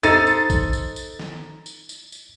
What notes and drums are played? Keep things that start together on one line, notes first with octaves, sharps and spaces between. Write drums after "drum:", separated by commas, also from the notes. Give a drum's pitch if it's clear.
D#4 A4 C5 A6, drum: tambourine
drum: tambourine
drum: kick, tambourine
drum: tambourine
drum: tambourine
drum: snare
drum: tambourine
drum: tambourine
drum: tambourine